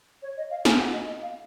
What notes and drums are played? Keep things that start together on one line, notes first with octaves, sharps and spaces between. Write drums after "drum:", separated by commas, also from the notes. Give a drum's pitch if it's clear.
C#5
D#5
F5
G#5, drum: snare
F#5
D#5
D#5
F5